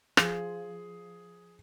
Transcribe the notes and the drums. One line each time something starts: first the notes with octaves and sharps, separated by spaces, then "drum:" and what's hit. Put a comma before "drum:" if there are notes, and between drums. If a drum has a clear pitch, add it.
F3 G#4, drum: rim click